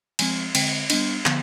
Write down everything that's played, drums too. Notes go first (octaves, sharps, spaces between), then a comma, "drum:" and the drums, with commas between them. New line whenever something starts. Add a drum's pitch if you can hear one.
F3 G#3 C4 G#5, drum: cymbal
D3 G#3 C4 G5, drum: cymbal
G3 B3 D4 D#5, drum: cymbal
D3 F3 B3 F5, drum: clap